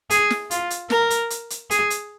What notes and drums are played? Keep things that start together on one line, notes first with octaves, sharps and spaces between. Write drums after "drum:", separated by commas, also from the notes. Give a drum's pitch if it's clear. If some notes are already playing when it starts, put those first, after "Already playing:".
G#4, drum: hi-hat
drum: snare
F4, drum: hi-hat
drum: hi-hat
A#4, drum: snare
drum: hi-hat
drum: hi-hat
drum: hi-hat
G#4, drum: hi-hat
drum: hi-hat